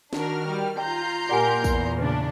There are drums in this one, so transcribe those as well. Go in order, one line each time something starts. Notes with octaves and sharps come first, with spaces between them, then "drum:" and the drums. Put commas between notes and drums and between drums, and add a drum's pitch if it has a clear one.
D#3 D4 F#4 A#4 F6, drum: snare
G3
F4 A#5 C6 G6
A#2 G4 A#4 D5 F#5 G#5
E2, drum: kick, tambourine
C#3 D4 B4